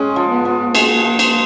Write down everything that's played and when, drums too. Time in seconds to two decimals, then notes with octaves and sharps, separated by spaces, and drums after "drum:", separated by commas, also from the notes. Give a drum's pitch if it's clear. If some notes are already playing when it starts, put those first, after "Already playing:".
Already playing: G#3 C#4
0.16 F3
0.30 B3
0.45 F3
0.75 G#3 A#3, drum: cymbal
1.05 F3
1.19 drum: cymbal